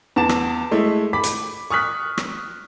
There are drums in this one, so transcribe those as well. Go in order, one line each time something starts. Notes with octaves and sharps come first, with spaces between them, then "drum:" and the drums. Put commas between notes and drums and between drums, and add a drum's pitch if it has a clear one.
E2 A5 E7
drum: rim click
G#3 A3 E4
B5 D6 B6
drum: hi-hat
C#6 D#6 F6 F#6 B6
drum: rim click